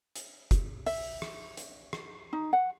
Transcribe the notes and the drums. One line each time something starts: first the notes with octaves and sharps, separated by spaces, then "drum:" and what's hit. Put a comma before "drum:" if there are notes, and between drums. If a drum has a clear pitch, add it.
drum: hi-hat
drum: kick, hi-hat
E5, drum: open hi-hat
drum: rim click
drum: hi-hat
drum: rim click
D#4
F#5